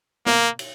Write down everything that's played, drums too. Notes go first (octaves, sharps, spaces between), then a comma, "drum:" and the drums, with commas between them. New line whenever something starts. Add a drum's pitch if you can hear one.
A#3, drum: snare
drum: cymbal